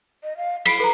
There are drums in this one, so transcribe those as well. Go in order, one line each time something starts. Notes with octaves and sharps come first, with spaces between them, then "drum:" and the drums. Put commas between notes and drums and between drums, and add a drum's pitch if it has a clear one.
D#5
F5
B5 B6 C7 D7, drum: cymbal
A4 B4 A#5